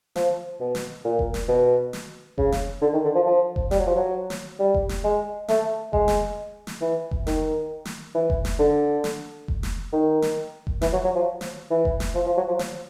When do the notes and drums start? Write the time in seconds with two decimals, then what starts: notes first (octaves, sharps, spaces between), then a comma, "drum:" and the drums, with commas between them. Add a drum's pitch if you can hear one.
0.16 F3, drum: snare
0.60 B2
0.75 drum: snare
1.05 A#2
1.19 drum: kick F1
1.34 drum: snare
1.48 B2
1.93 drum: snare
2.38 C#3, drum: kick F1
2.52 drum: snare
2.82 D3
2.94 D#3
3.05 D3
3.15 F3
3.27 F3
3.56 drum: kick F1
3.71 G3, drum: snare
3.79 F#3
3.87 F3
3.96 F#3
4.30 drum: snare
4.59 G3
4.74 drum: kick F1
4.89 drum: snare
5.04 G#3
5.48 A3, drum: snare
5.93 G#3, drum: kick F1
6.08 drum: snare
6.67 drum: snare
6.81 E3
7.11 drum: kick F1
7.27 D#3, drum: snare
7.85 drum: snare
8.15 E3
8.30 drum: kick F1
8.45 drum: snare
8.59 D3
9.04 drum: snare
9.48 drum: kick F1
9.63 drum: snare
9.93 D#3
10.22 drum: snare
10.67 drum: kick F1
10.82 E3, drum: snare
10.93 F#3
11.04 F#3
11.15 F3
11.41 drum: snare
11.70 E3
11.85 drum: kick F1
12.00 drum: snare
12.15 F3
12.26 F3
12.37 F#3
12.48 F3
12.59 drum: snare